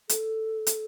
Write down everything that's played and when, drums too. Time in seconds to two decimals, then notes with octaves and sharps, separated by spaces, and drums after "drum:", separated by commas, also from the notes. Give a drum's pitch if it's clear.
0.09 A4, drum: hi-hat
0.67 drum: hi-hat